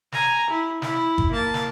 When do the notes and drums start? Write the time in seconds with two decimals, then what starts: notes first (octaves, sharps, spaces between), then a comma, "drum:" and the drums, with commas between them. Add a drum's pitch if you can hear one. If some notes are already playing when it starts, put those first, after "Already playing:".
0.12 G#5 A#5, drum: snare
0.50 E4
0.82 E4, drum: snare
1.18 drum: kick G1
1.32 A#3 A5
1.54 drum: snare